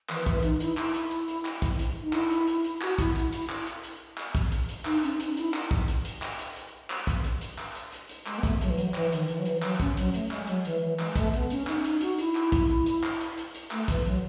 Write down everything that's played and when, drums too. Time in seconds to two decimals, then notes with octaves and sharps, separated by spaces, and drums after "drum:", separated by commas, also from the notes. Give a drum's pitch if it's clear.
0.09 E3, drum: clap
0.26 E3, drum: kick, hi-hat
0.42 D#4, drum: hi-hat
0.60 E4, drum: hi-hat
0.77 E4, drum: clap
0.94 drum: hi-hat
1.11 drum: hi-hat
1.28 drum: hi-hat
1.45 drum: clap
1.62 drum: kick, hi-hat
1.79 drum: hi-hat
2.02 D#4
2.13 E4, drum: clap
2.30 drum: hi-hat
2.47 drum: hi-hat
2.64 drum: hi-hat
2.81 F#4, drum: clap
2.98 E4, drum: kick, hi-hat
3.15 E4, drum: hi-hat
3.33 E4, drum: hi-hat
3.49 drum: clap
3.67 drum: hi-hat
3.84 drum: hi-hat
4.18 drum: clap
4.35 drum: kick, hi-hat
4.52 drum: hi-hat
4.69 drum: hi-hat
4.85 D#4, drum: clap
5.03 C#4, drum: hi-hat
5.20 D#4, drum: hi-hat
5.37 E4, drum: hi-hat
5.54 drum: clap
5.71 drum: kick
5.88 drum: hi-hat
6.05 drum: hi-hat
6.22 drum: clap
6.39 drum: hi-hat
6.56 drum: hi-hat
6.90 drum: clap
7.07 drum: kick, hi-hat
7.24 drum: hi-hat
7.41 drum: hi-hat
7.58 drum: clap
7.75 drum: hi-hat
7.92 drum: hi-hat
8.09 drum: hi-hat
8.26 G#3, drum: clap
8.38 B3
8.43 A3, drum: kick, hi-hat
8.61 F#3, drum: hi-hat
8.70 E3
8.77 F#3, drum: hi-hat
8.94 E3, drum: clap
9.12 D#3, drum: hi-hat
9.28 E3, drum: hi-hat
9.39 F#3
9.45 E3, drum: hi-hat
9.62 F#3, drum: clap
9.80 C#4, drum: kick, hi-hat
9.97 F#3, drum: hi-hat
10.14 A3, drum: hi-hat
10.31 G#3, drum: clap
10.47 F#3, drum: hi-hat
10.65 E3, drum: hi-hat
10.82 E3
10.99 G#3, drum: clap
11.16 A3, drum: kick, hi-hat
11.33 B3, drum: hi-hat
11.50 C#4, drum: hi-hat
11.67 D#4, drum: clap
11.84 D#4, drum: hi-hat
12.01 F#4, drum: hi-hat
12.18 E4, drum: hi-hat
12.35 drum: clap
12.52 drum: kick, hi-hat
12.69 drum: hi-hat
12.86 drum: hi-hat
13.03 drum: clap
13.20 drum: hi-hat
13.37 drum: hi-hat
13.54 drum: hi-hat
13.71 A3, drum: clap
13.88 E3, drum: kick, hi-hat
14.05 F#3, drum: hi-hat